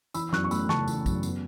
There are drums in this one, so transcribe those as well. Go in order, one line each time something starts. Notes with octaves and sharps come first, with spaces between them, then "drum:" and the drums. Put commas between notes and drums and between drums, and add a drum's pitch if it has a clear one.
E3 B5 E6, drum: tambourine
E6
F#2 C#6 F#6, drum: snare
C#6
A3 B5 E6, drum: tambourine
C#3 A5 C#6, drum: snare
E3, drum: tambourine
F#2, drum: kick, tambourine
B3, drum: tambourine